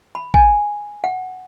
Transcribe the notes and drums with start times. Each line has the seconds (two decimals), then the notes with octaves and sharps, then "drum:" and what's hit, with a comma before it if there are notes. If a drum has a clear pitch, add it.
0.15 B5
0.34 G#5, drum: kick
1.04 F#5